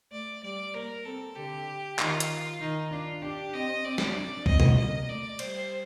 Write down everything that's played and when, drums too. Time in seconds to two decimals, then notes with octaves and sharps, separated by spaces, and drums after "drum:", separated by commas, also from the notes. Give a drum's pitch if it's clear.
0.12 A3 D5
0.43 G3 D5
0.74 A#3 A#4
1.05 C4 A4
1.36 D3 G4
1.99 D#3 F4, drum: clap
2.20 drum: hi-hat
2.61 D#3 D#4
2.91 D4 F4
3.22 D4 G4
3.54 C4 D#5
3.84 C4 D5
3.98 drum: snare
4.16 D4
4.46 C4 D#5, drum: kick
4.60 drum: tom B2
4.77 A#3 D#5
5.09 A3 D5
5.39 G3 C5, drum: cymbal